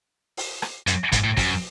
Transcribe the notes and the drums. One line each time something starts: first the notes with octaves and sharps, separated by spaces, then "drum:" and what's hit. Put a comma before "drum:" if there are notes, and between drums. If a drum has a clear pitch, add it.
drum: open hi-hat
drum: rim click
F#2, drum: hi-hat
G#2, drum: kick, hi-hat
A2
F#2, drum: kick, open hi-hat